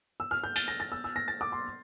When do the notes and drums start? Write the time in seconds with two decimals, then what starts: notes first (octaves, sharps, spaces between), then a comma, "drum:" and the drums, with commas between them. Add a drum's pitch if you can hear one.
0.20 E6
0.31 F6
0.44 G6
0.56 A6, drum: open hi-hat
0.68 A#6
0.80 A6
0.92 E6
1.04 E6
1.16 A#6
1.28 A6
1.41 D6
1.52 C6